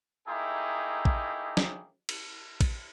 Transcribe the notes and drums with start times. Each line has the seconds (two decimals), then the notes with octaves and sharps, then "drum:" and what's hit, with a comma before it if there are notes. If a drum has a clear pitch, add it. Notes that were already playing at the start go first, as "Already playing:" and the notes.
0.28 A3 A#3 D#4 E4 G4 G#4
1.05 drum: kick
1.57 drum: snare
2.09 drum: cymbal
2.61 drum: kick, cymbal